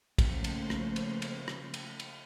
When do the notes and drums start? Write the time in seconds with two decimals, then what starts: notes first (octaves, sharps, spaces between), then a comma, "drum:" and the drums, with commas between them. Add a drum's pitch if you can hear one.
0.18 C#3 F3 A3 A#3 C#4 C5, drum: kick, cymbal
0.44 drum: cymbal
0.70 drum: rim click
0.96 drum: cymbal
1.22 drum: cymbal
1.48 drum: rim click
1.74 drum: cymbal
2.00 drum: cymbal